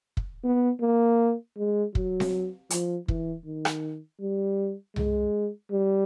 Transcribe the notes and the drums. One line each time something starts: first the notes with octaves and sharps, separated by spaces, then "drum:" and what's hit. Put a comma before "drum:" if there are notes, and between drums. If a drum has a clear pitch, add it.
drum: kick
B3
A#3
G#3
F#3, drum: kick
drum: snare C4
F3, drum: hi-hat
E3, drum: kick
D#3
drum: rim click
G3
G#3, drum: tom C2
G3